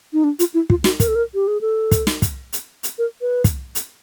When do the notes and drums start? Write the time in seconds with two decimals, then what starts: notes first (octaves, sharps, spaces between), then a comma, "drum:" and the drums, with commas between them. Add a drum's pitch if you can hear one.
0.13 D#4
0.24 D4
0.39 F4, drum: hi-hat
0.54 E4
0.70 F4, drum: kick
0.84 F#4, drum: snare
1.00 A#4, drum: kick, hi-hat
1.08 A4
1.15 A#4
1.34 G4
1.47 G#4
1.61 A4
1.91 drum: kick, hi-hat
2.07 drum: snare
2.22 drum: kick, hi-hat
2.53 drum: hi-hat
2.83 drum: hi-hat
2.98 A#4
3.21 B4
3.44 drum: kick, hi-hat
3.75 drum: hi-hat